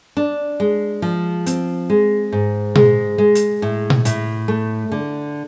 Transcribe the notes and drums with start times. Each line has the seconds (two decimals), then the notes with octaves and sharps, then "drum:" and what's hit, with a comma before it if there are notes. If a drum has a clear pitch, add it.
0.17 D4
0.60 G#3
1.02 F3
1.46 C4, drum: hi-hat
1.90 G#3
2.32 G#2
2.75 G#3, drum: tom A#2
3.18 G#3
3.35 drum: hi-hat
3.62 A2
3.90 drum: tom A#2
4.05 A2, drum: hi-hat
4.48 A3
4.92 D3